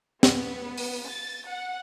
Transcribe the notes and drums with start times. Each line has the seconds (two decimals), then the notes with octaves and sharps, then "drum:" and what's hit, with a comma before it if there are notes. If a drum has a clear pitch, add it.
0.23 B3, drum: snare
0.78 drum: open hi-hat
1.08 A6
1.47 F#5